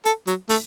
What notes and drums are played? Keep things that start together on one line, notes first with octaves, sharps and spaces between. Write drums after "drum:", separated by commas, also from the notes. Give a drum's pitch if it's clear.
A4, drum: hi-hat
F#3, drum: hi-hat
A3, drum: open hi-hat